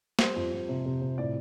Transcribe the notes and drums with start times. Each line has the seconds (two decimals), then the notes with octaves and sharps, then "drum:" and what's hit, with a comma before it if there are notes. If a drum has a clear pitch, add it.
0.19 G3 C5, drum: snare
0.36 F2
0.52 F2
0.69 C3
0.86 C3
1.02 C3
1.18 A2 D5